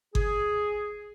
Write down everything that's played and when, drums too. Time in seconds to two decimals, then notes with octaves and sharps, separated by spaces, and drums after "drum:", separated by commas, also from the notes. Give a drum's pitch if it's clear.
0.15 G#4, drum: kick G1